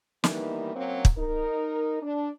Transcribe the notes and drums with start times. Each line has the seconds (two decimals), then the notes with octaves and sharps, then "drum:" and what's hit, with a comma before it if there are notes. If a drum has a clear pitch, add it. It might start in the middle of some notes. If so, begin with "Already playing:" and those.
0.24 D#3 E3 G3 A#3 B3 D#4, drum: snare
0.75 F#3 A#3 C4 C#4
1.05 drum: kick
1.17 D#4 A#4
2.02 D4